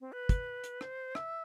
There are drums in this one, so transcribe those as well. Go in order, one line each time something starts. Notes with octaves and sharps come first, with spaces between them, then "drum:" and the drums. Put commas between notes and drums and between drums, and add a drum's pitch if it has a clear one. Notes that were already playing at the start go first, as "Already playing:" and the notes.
C4
B4
drum: kick, hi-hat
drum: hi-hat
C5, drum: rim click
E5, drum: rim click